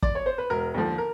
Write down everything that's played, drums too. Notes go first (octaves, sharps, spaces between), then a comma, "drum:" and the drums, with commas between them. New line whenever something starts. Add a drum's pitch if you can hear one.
D5, drum: kick
C#5
C5
B4
E1 A#4
D#2 D3 F3
A#4